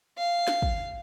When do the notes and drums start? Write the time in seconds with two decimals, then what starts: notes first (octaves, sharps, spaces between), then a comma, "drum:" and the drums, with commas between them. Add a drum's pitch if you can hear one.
0.18 F5
0.48 drum: snare
0.62 drum: kick